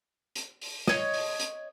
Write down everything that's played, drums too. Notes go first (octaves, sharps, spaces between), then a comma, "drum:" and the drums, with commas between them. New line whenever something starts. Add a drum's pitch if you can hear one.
drum: hi-hat
drum: open hi-hat
C#5 D#5, drum: snare
drum: open hi-hat
drum: hi-hat